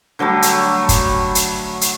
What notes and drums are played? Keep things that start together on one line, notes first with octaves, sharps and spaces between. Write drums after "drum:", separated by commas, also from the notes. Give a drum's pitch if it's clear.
D3 F#3 G3 A3
drum: hi-hat
drum: kick F#1, hi-hat
drum: hi-hat
drum: hi-hat